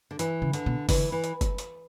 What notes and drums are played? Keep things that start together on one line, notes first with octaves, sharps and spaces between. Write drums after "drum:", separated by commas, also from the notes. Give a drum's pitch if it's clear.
D3
E3, drum: hi-hat
C#3
D3, drum: hi-hat
B2
D3 E3, drum: kick F#1, open hi-hat
E3
drum: hi-hat
drum: kick F#1, hi-hat
drum: hi-hat